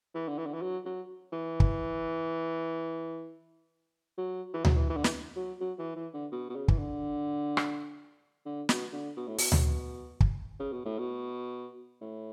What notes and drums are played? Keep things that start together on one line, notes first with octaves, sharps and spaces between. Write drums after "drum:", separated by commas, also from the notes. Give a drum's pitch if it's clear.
E3
D3
E3
D3
E3
F#3
F#3
E3
drum: kick
F#3
E3
F#3, drum: tom D2
E3
E3
D3
E3, drum: snare
F#3
F#3
E3
E3
D3
B2
B2
C#3
E3, drum: kick
D3
drum: rim click
D3
B2, drum: snare
D3
B2
A2
B2, drum: open hi-hat
drum: tom D2
drum: kick
C#3
B2
A2
B2
A2